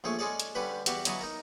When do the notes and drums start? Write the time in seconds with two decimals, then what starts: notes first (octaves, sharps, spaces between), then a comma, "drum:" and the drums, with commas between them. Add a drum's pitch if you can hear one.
0.04 A#1 A3 G#4 C#5
0.19 G#3 C#4 G#4 A4 D5
0.40 drum: hi-hat
0.55 D3 G3 C#4 G4 B4
0.86 E2 G3 F#4 D5 E5, drum: hi-hat
1.05 C#3 F#3 E4 D#5 A5 C#6, drum: hi-hat
1.21 D#4 A#4